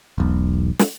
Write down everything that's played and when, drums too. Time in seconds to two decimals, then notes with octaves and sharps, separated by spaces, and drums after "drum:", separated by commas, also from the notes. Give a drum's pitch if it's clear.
0.18 E1 B1
0.79 drum: snare